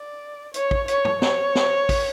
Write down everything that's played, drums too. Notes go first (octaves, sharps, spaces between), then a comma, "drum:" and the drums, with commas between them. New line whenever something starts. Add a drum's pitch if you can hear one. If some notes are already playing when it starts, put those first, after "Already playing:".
Already playing: D5
C#5, drum: hi-hat
drum: kick
C#5, drum: hi-hat
drum: tom
C#5, drum: snare
drum: snare
drum: kick, open hi-hat